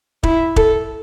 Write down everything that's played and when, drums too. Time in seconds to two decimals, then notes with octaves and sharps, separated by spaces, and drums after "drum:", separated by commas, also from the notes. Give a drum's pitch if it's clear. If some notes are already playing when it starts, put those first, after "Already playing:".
0.23 E4, drum: kick
0.56 A4, drum: kick